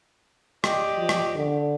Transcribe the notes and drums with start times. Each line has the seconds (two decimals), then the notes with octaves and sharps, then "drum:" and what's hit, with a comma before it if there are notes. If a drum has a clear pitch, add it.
0.64 G4 D5 D#5, drum: rim click
0.98 F3
1.09 drum: rim click
1.35 D3